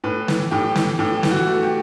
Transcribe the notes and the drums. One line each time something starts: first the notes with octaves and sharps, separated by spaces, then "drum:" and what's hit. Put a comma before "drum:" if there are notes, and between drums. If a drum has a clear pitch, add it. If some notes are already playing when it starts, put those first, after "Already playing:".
A2 B4
E3, drum: snare
A2 G4
E3, drum: snare
A2 G4
E3, drum: snare
F#4
A3
G4